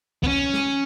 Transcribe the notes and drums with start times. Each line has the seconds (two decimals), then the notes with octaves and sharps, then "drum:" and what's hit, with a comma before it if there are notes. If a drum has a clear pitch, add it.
0.23 B3, drum: kick C#2
0.27 C#4
0.54 drum: snare